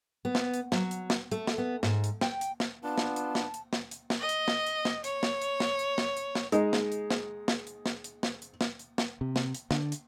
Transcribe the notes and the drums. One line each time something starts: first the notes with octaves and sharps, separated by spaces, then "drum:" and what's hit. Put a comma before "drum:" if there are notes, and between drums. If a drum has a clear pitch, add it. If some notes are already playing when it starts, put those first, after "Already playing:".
B3
drum: snare
drum: hi-hat
F#3, drum: snare
drum: hi-hat
drum: snare
A3, drum: hi-hat
drum: snare
B3
G#2, drum: snare
drum: hi-hat
G5, drum: snare
drum: hi-hat
drum: snare
B3 D4 F4 A5
drum: snare
drum: hi-hat
drum: snare
drum: hi-hat
drum: snare
drum: hi-hat
drum: snare
D#5
drum: hi-hat
drum: snare
drum: hi-hat
drum: snare
C#5, drum: hi-hat
drum: snare
drum: hi-hat
drum: snare
drum: hi-hat
drum: snare
drum: hi-hat
drum: snare
G#3 D#4 G#4, drum: hi-hat
drum: snare
drum: hi-hat
drum: snare
drum: snare
drum: hi-hat
drum: snare
drum: hi-hat
drum: snare
drum: hi-hat
drum: snare
drum: hi-hat
drum: snare
C3
drum: snare
drum: hi-hat
D3, drum: snare
drum: hi-hat